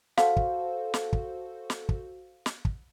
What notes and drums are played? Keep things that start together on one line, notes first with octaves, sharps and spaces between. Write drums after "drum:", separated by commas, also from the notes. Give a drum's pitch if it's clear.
F#4 A4 C5 F5, drum: snare
drum: kick
drum: snare
drum: kick
drum: snare
drum: kick
drum: snare
drum: kick